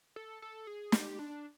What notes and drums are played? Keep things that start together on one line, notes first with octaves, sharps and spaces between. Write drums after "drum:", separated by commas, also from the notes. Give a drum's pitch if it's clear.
A4
A4
G#4
G4, drum: snare
D4